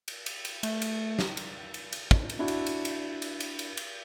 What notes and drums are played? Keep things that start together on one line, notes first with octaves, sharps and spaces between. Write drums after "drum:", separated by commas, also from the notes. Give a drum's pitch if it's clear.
drum: cymbal
drum: cymbal
drum: cymbal
A3, drum: cymbal
drum: cymbal
drum: snare
drum: cymbal
drum: cymbal
drum: cymbal
drum: kick
drum: cymbal
D4 E4 F#4
drum: cymbal
drum: cymbal
drum: cymbal
drum: cymbal
drum: cymbal
drum: cymbal
drum: cymbal